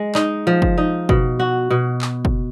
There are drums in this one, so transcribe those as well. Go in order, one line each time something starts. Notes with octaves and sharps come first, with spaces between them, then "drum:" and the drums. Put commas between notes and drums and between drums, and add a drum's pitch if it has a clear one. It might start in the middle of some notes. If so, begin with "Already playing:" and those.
Already playing: G#3
D#4, drum: clap
F3
drum: kick
D#4
B2, drum: kick
F#4
B2
drum: clap
drum: kick